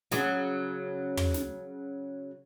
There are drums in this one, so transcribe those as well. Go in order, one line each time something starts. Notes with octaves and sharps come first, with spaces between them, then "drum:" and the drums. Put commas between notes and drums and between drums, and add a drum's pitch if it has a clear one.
C#3 F#3, drum: snare
drum: tom
drum: snare